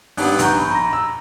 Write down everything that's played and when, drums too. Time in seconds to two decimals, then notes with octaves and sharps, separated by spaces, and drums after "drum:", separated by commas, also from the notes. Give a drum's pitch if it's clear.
0.17 G#1 G3 B3 D4 F#6, drum: open hi-hat
0.39 A#1 F#5 A#5 C#6 G6, drum: hi-hat
0.59 B5
0.71 A#5 A#6
0.93 E6